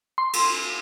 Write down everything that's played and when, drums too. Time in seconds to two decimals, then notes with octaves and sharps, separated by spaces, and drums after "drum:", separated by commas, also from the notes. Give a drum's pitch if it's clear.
0.18 C6
0.33 drum: cymbal